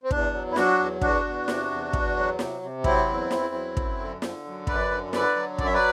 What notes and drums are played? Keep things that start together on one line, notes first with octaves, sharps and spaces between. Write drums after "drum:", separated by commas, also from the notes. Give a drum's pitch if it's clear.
C4
E2 D4, drum: kick
F#3
E4
F#3 D4 F#4, drum: snare
E2
E2 D4 F#4, drum: kick
E2
C3, drum: snare
E2
E2, drum: kick
F#3
C3, drum: snare
C3
F#3 C4 E4, drum: kick
E2
E2, drum: snare
F#3
F#2, drum: kick
D3
D3, drum: snare
F#2
F#2 B4 D5, drum: kick
D3
D3 B4 D5, drum: snare
F#3
F#2 D5, drum: kick
E5
B4 D5